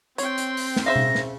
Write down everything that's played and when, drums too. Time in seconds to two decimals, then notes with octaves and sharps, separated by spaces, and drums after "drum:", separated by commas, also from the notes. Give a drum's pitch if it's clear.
0.18 C4 C#5 G5 C6, drum: hi-hat
0.38 drum: hi-hat
0.57 drum: open hi-hat
0.76 drum: snare
0.86 C#3 C5 E5 F5 A#6
0.96 drum: tom B2
1.15 drum: snare